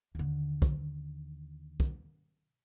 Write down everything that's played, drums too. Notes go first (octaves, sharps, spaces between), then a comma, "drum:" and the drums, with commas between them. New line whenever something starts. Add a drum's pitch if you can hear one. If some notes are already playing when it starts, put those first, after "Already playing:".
D#2 D3
drum: kick
drum: kick